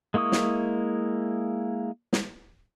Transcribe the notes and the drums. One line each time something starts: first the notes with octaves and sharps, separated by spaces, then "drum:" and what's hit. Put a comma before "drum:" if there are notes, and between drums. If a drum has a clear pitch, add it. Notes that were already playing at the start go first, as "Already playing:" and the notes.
G#3 A#3 E4 C#6 D#6
drum: snare
drum: snare